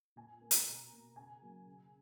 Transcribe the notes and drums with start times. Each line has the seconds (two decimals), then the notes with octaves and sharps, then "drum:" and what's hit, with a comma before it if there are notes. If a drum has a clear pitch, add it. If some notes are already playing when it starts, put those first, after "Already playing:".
0.16 A#2 G#5
0.41 A#3
0.51 drum: hi-hat
0.66 B2 A#5
0.92 A#3
1.16 C#3 G#5
1.42 F#3 A#3
1.66 C#3